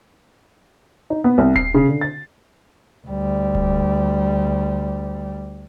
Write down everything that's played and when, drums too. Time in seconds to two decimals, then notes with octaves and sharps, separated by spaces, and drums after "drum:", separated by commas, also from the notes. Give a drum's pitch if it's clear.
1.10 D#4
1.24 B3
1.38 C2
1.56 C7, drum: kick D#1
1.74 C#3
1.88 D3
2.01 A6
3.07 D2 G3
3.55 drum: kick D#1